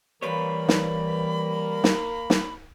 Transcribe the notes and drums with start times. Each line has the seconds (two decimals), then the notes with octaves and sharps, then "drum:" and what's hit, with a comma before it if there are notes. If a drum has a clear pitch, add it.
0.22 E3 G3 A#3 A#4 B4 C#5 B5
0.69 drum: snare
1.84 drum: snare
2.30 drum: snare